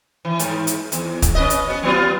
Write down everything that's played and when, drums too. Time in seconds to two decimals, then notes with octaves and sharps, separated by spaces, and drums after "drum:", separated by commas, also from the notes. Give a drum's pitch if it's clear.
0.25 E3
0.39 G#2, drum: hi-hat
0.67 drum: hi-hat
0.92 E2, drum: hi-hat
1.22 drum: kick, hi-hat
1.35 C#4 B4 D#5
1.50 drum: hi-hat
1.68 B3 F#4
1.83 F#3 B3 F4